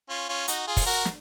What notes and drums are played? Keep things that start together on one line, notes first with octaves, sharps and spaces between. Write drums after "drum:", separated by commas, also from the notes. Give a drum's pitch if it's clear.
C#4 F4
C#4 F4
D#4 F#4, drum: hi-hat
F4 G#4
drum: kick, open hi-hat
F#4 A#4
drum: snare